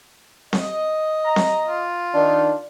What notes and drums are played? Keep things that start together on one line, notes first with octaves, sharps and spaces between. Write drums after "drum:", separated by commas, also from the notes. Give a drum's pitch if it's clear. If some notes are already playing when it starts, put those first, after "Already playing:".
D#5, drum: snare C4
A#5
drum: snare C4
F4
D#3 D4